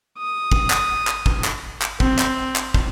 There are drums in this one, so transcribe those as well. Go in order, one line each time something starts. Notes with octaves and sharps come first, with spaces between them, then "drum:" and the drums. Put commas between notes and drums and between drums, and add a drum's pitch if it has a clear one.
D#6
drum: kick
drum: clap
drum: clap
drum: kick
drum: clap
drum: clap
C4, drum: kick
drum: clap
drum: clap
drum: kick